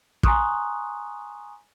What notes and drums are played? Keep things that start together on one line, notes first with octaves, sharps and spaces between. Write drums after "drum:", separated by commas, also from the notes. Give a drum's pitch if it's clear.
G#5 A#5 C6 C#6 D#6 F#6, drum: kick